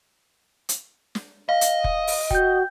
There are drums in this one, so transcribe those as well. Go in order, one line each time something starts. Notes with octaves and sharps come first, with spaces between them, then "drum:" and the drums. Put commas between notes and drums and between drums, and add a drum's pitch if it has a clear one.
drum: hi-hat
drum: snare
D#5 F5
drum: hi-hat
drum: kick
drum: open hi-hat
F#4 G5 G6, drum: kick